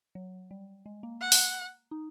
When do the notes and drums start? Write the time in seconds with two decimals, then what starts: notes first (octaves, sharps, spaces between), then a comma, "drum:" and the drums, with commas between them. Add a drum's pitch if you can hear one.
0.15 F#3
0.51 G3
0.86 G#3
1.03 A#3
1.21 F#5
1.32 drum: open hi-hat
1.91 D#4